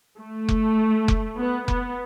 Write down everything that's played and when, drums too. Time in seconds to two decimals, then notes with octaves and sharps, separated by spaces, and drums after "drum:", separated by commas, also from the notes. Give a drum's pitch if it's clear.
0.19 A3
0.49 drum: kick F1
1.08 drum: kick F1
1.38 B3
1.68 B3, drum: kick F1